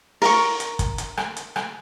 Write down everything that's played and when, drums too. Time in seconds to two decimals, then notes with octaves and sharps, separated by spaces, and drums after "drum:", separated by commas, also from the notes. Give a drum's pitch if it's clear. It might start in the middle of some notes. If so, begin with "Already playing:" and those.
0.22 A#4 C#6, drum: open hi-hat
0.60 drum: hi-hat
0.79 drum: kick, hi-hat
0.98 drum: hi-hat
1.17 drum: rim click
1.37 drum: hi-hat
1.56 drum: rim click